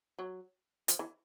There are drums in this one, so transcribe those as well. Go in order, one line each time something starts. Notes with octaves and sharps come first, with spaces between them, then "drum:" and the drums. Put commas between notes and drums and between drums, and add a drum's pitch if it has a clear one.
F#3
F3, drum: hi-hat
E3